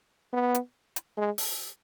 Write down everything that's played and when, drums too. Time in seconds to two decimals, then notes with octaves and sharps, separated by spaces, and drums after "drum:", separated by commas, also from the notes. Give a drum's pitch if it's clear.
0.33 B3
0.54 drum: hi-hat
0.96 drum: hi-hat
1.17 G#3
1.38 drum: open hi-hat